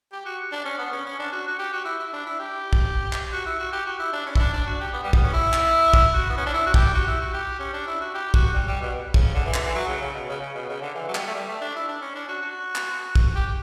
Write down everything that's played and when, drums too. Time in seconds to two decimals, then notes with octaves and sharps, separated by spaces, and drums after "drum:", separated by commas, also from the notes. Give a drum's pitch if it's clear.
0.12 G4
0.25 F#4
0.52 D4
0.65 C#4
0.79 B3
0.92 C#4
1.06 C#4
1.19 D4
1.32 F#4
1.48 F#4
1.59 G4
1.73 F#4
1.85 E4
2.00 E4
2.13 D4
2.26 E4
2.39 G4
2.73 drum: kick
3.13 drum: clap
3.32 F#4
3.46 E4
3.59 F#4
3.73 G4
3.86 F#4
3.99 E4
4.13 D4
4.26 C#4
4.35 E4, drum: kick
4.40 D4
4.53 D4
4.67 F#4
4.80 G4
4.93 B3
5.04 G3
5.13 B3, drum: kick
5.24 C#4
5.34 E4
5.53 drum: clap
5.94 drum: kick
6.14 F#4
6.30 B3
6.38 C#4
6.46 D4
6.54 E4
6.66 F#4
6.74 G4, drum: kick
6.94 F#4
7.07 E4
7.21 F#4
7.33 G4
7.60 C#4
7.73 D4
7.87 E4
8.01 F#4
8.14 G4
8.34 F#4, drum: kick
8.54 G3
8.67 G3
8.81 B2
9.14 C#3, drum: kick
9.35 D3
9.45 E3
9.54 D3, drum: clap
9.64 E3
9.75 F#3
9.87 C#3
10.02 C#3
10.14 B2
10.28 C#3
10.41 C#3
10.55 B2
10.69 C#3
10.82 D3
10.95 E3
11.08 F#3
11.15 G3, drum: clap
11.27 A3
11.35 G3
11.48 A3
11.61 D4
11.76 E4
11.88 D4
12.01 C#4
12.15 D4
12.28 F#4
12.42 F#4
12.75 drum: clap
13.15 drum: kick
13.35 G4